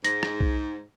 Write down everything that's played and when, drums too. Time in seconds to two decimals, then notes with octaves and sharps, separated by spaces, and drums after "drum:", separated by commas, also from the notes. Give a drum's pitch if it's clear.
0.04 G#2 A#6, drum: hi-hat
0.23 drum: rim click
0.41 drum: kick B1